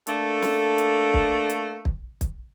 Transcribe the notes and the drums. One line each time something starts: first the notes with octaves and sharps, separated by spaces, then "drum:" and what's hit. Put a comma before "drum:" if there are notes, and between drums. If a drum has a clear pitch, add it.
A3 A#3 D4 A4, drum: hi-hat
drum: snare
drum: hi-hat
drum: kick
drum: hi-hat
drum: kick
drum: kick, hi-hat